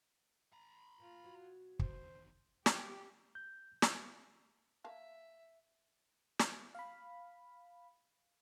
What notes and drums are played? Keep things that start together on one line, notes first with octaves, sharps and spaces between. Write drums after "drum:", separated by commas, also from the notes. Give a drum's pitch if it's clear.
A#5 B5
A#2 F4
B2 F#3 F#4
E2 D#3 C5, drum: kick
G4, drum: snare
G6
E6, drum: snare
A#3 E5 F5 A5
drum: snare
F5 B5